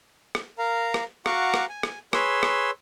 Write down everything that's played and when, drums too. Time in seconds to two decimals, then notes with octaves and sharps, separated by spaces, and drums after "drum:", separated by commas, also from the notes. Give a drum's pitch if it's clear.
0.35 drum: rim click
0.58 A#4 F5 A#5
0.94 drum: rim click
1.26 F#4 F5 F#5 A#5 C#6 D6, drum: rim click
1.54 drum: rim click
1.69 G#5
1.83 drum: rim click
2.13 G#4 B4 C#5 C6 E6, drum: rim click
2.43 drum: rim click